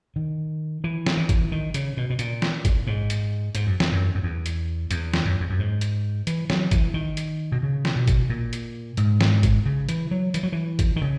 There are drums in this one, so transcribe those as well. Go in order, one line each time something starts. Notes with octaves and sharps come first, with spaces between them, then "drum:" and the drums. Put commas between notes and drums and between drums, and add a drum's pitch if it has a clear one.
D#3
E3
drum: snare
E3
drum: kick G1, hi-hat
D#3
C#3, drum: hi-hat
B2
B2
A#2, drum: hi-hat
drum: snare
drum: kick G1, hi-hat
G#2
drum: hi-hat
G#2, drum: hi-hat
F#2
E2, drum: snare
F#2
F#2
E2
drum: hi-hat
E2, drum: hi-hat
drum: snare
F#2
E2
F#2
G#2
drum: hi-hat
E3, drum: hi-hat
F#3, drum: snare
E3, drum: kick G1, hi-hat
D#3
drum: hi-hat
B2
C#3
drum: snare
B2
drum: kick G1, hi-hat
A#2
drum: hi-hat
G#2, drum: hi-hat
drum: snare
drum: kick G1, hi-hat
C#3
E3, drum: hi-hat
F#3
E3, drum: hi-hat
F#3
E3
drum: kick G1, hi-hat
D#3
C#3